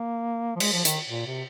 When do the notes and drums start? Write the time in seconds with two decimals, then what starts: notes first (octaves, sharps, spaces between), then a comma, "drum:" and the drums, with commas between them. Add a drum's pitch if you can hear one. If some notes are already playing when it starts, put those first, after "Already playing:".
Already playing: A#3
0.56 F3
0.60 G#3, drum: cymbal
0.73 F3
0.85 D#3, drum: hi-hat
1.09 A#2
1.26 C3